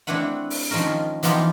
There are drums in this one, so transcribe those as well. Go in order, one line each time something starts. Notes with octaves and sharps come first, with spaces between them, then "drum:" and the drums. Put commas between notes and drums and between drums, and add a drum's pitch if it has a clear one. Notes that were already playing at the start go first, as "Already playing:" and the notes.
A3 C4 D4 E4 B4 F#5
drum: open hi-hat
D#3 F3 G#3 C#4 A#4
drum: rim click
E3 F3 B3 D#4 F4 G4, drum: hi-hat